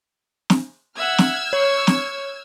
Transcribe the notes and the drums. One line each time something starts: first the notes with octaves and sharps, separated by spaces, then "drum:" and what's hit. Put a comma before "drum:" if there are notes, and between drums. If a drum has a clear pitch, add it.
drum: snare
E5 F#5 E6 F6 G#6
drum: snare
C#5 C#6
drum: snare